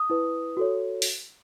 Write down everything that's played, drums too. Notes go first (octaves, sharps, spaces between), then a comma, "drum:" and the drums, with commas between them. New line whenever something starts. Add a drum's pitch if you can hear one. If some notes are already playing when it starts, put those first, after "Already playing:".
Already playing: D#6
E4 B4
F#4 A4 C#5
drum: open hi-hat